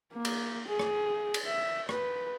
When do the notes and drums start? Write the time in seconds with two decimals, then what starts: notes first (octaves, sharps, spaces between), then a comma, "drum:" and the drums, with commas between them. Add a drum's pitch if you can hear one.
0.13 A#3
0.25 drum: cymbal
0.68 G#4
0.79 drum: rim click
1.34 drum: cymbal
1.45 E5
1.89 B4, drum: rim click